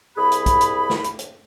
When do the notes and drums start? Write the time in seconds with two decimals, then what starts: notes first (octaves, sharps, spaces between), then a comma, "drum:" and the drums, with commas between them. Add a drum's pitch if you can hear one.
0.17 C2 G#4 B5
0.32 drum: hi-hat
0.46 drum: kick, hi-hat
0.61 drum: hi-hat
0.90 drum: snare
1.04 drum: hi-hat
1.19 drum: hi-hat